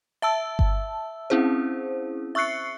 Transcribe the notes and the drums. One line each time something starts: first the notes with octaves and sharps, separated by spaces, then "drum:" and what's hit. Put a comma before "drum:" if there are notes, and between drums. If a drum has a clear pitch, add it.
E5 A5 E6
drum: kick G1
C4 C#4 E4 G#4 C5
E5 C#6 E6 F#6 C7 C#7